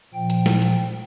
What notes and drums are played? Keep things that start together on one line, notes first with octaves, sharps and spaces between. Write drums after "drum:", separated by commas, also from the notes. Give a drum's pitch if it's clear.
A#2 F3 G5
drum: hi-hat
drum: snare
drum: hi-hat